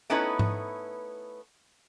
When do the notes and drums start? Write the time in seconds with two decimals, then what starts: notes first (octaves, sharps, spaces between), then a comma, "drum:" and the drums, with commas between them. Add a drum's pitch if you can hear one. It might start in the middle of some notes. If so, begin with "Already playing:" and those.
0.10 A3 B3 C#4 D#4 E4 B4
0.39 drum: tom G#2